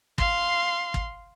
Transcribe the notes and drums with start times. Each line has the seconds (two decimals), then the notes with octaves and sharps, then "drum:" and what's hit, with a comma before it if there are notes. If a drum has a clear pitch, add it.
0.18 F5 C6, drum: kick
0.94 drum: kick